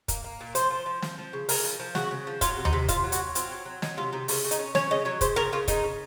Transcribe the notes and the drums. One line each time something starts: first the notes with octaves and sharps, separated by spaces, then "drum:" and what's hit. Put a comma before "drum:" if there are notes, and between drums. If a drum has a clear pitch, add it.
A#3, drum: kick, hi-hat
A#3
A#2
F3 C5, drum: hi-hat
F3
F3
F3, drum: snare
F3
C#3
C#3 A#4, drum: open hi-hat
F3
F3
C#3 F#4, drum: snare
C#3
F3
F#3 F4, drum: kick, hi-hat
C3
D#4, drum: tom D#2
C3
C3 F4, drum: kick, hi-hat
F#3
F#4, drum: hi-hat
F#3
C4 F4, drum: hi-hat
F#3
F#3
F#3 D#4, drum: snare
C3 F4
C3 D#4
C#3 F4, drum: open hi-hat
C#3
D#4, drum: hi-hat
C#4
C#4 C#5, drum: snare
C#3 D#5
F#3 C#5
C#3 C5, drum: kick, hi-hat
C#3 A#4
C#3 F4
C#3 D#4, drum: kick, hi-hat
C#3